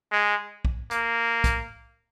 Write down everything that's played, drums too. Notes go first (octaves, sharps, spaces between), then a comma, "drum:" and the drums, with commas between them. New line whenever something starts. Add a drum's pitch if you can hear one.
G#3
drum: kick
A#3, drum: hi-hat
drum: kick, hi-hat